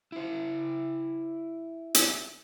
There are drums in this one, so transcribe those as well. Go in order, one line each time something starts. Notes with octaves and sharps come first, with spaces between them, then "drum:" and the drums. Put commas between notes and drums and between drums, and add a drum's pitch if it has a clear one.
E4 C5
drum: hi-hat